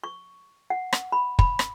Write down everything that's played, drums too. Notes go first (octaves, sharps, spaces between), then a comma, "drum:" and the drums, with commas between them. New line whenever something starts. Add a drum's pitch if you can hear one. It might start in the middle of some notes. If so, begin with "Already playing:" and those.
C#6
F#5
drum: rim click
B5
B5, drum: kick
drum: rim click